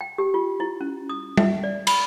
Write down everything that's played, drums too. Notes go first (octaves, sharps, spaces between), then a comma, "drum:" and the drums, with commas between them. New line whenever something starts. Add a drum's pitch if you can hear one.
G5
G4
F4
E4
C#4
D#6
E5, drum: tom G3
D5
B5, drum: cymbal